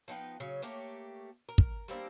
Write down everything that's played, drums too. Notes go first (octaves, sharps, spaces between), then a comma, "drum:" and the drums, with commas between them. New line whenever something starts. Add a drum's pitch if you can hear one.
F3 B3 D#4 G5
C#3 F#3
A3 A#3 G4 C#5
A#4
drum: kick
G3 A#3 C4 D4